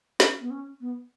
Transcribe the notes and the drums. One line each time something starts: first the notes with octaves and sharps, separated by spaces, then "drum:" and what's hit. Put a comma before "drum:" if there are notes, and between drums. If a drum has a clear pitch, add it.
C#4, drum: snare
B3
C#4
B3